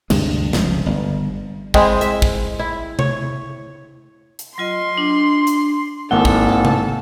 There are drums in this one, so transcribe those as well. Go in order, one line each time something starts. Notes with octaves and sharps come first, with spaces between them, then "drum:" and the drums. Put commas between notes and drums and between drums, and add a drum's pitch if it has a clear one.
D2 G2 C3 G#3, drum: cymbal
F1 C#2 F3, drum: snare
G1
G#3 C4 E4, drum: kick
E5, drum: hi-hat
drum: kick
E4
C#5, drum: tom C3
drum: hi-hat
F#3 F4 D#5 C6
D4
drum: hi-hat
G#1 A#3 E4 A4 F5 F#5 G#5
drum: kick
drum: tom C3